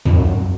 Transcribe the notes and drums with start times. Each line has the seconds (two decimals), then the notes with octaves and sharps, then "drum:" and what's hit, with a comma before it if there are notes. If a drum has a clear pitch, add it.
0.05 F2, drum: tom
0.17 F#2
0.27 F#2